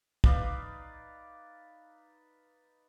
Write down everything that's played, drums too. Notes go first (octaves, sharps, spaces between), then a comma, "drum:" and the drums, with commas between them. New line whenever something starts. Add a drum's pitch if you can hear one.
D#4 B4 D5 F5, drum: kick